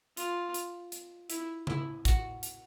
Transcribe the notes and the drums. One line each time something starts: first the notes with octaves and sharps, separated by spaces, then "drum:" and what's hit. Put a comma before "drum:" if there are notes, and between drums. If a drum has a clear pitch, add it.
F4, drum: hi-hat
drum: hi-hat
drum: hi-hat
E4, drum: hi-hat
E4, drum: tom C#3
F#4, drum: kick, hi-hat
drum: hi-hat